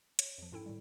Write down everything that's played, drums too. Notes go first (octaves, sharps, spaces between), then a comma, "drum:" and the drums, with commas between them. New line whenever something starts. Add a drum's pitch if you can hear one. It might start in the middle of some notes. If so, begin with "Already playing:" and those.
C#5, drum: hi-hat
F2 F3
G#2 C#4 E4 A4 G5
A2 D#3 G3